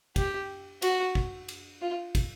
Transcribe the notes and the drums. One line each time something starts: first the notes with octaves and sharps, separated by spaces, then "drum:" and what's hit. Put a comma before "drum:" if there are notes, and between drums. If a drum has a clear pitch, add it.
G4, drum: kick, cymbal
F#4, drum: cymbal
drum: kick
drum: cymbal
F4
drum: kick, cymbal